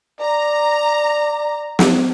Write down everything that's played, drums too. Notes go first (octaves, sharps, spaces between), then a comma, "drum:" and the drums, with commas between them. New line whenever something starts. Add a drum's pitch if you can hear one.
D5 A#5
drum: snare